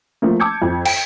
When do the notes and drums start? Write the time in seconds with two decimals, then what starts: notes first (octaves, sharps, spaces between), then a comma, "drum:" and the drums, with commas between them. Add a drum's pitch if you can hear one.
0.22 F3 A3 A#3
0.40 A5 D6 E6 G6 G#6 C#7
0.62 F2
0.85 G5, drum: cymbal